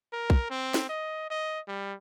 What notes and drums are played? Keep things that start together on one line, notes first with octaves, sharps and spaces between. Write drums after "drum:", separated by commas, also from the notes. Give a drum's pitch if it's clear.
A#4
drum: kick
C4
drum: snare
D#5
D#5
G3